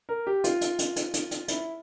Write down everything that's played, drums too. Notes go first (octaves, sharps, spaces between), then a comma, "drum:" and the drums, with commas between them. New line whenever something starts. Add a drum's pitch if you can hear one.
A#4
G4
F4, drum: hi-hat
drum: hi-hat
drum: hi-hat
drum: hi-hat
drum: hi-hat
drum: hi-hat
E4, drum: hi-hat